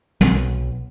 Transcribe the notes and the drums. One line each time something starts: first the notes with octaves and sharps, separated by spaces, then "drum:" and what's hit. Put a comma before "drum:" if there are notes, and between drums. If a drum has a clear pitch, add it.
B1, drum: tom